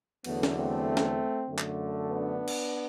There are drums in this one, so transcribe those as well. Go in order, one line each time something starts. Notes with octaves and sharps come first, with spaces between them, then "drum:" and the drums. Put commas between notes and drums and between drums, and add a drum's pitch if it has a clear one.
E2 D3 F#3 A3 B3, drum: cymbal
drum: snare
A3 C4
drum: snare
F#2 D3 A3
drum: clap
B3 D4
drum: cymbal